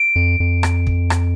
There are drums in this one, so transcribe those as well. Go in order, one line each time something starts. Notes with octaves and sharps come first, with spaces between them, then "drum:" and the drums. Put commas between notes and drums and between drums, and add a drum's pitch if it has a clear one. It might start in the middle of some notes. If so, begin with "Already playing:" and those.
Already playing: D7
F2
F2
drum: rim click
drum: kick
drum: rim click